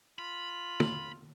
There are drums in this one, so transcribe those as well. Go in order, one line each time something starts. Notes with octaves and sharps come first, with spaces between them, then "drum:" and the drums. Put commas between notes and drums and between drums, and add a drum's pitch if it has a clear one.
F4 B5
drum: tom